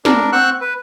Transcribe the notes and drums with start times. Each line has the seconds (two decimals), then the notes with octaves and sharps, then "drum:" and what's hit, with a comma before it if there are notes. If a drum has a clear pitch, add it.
0.05 D4 A#4, drum: snare
0.33 C4 F#5 C#6 E6 F#6
0.61 B4